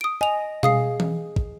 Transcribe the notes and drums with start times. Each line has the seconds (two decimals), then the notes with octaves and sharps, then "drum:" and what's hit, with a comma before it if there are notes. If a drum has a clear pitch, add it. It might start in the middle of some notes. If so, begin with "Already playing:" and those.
0.01 D#6 D7
0.21 D#5 G#5 F7
0.63 G#4 F5 D#6 C7, drum: tom B2
1.00 drum: tom E3
1.36 drum: kick